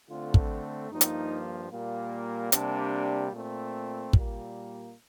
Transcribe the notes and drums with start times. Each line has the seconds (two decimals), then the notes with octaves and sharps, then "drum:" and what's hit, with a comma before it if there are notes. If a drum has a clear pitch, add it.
0.10 D3 A3 C4 F4
0.34 drum: kick
0.91 G2 F3 A#3 D#4
1.01 drum: hi-hat
1.72 A#2 G3 A#3
2.52 C3 G3 A#3 D4, drum: hi-hat
3.33 A#2 A3 C4
4.13 A#2 G3 A#3, drum: kick